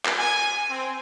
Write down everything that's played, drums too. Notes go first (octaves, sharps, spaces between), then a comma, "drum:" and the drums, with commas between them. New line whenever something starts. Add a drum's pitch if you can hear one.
drum: clap
G#5
C4